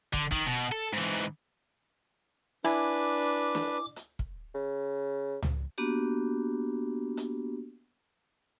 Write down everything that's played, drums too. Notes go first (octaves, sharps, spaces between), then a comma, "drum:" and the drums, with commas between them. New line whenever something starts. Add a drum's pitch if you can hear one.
D3, drum: kick
D#3, drum: kick
B2
A4
G#2 E3
D4 E4 B4 G#5 D6, drum: rim click
drum: snare
drum: hi-hat
drum: kick
C#3
drum: tom C#2
A#3 B3 D4 F#4 G4
drum: hi-hat